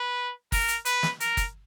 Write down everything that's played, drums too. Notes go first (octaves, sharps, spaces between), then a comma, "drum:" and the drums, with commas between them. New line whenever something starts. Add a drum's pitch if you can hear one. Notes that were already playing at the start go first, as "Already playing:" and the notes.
Already playing: B4
A#4, drum: kick, open hi-hat
drum: hi-hat
B4, drum: hi-hat
drum: snare
A#4, drum: hi-hat
drum: kick, hi-hat